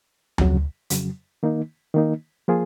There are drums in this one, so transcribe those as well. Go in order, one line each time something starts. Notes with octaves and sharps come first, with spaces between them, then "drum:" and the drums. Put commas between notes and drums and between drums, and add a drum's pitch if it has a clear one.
F2 C#3 F#3, drum: tom D2
F2 C#3 F#3, drum: hi-hat
D#3 A#3 D#4
D#3 A#3 D#4
F3 A#3 F4 G#4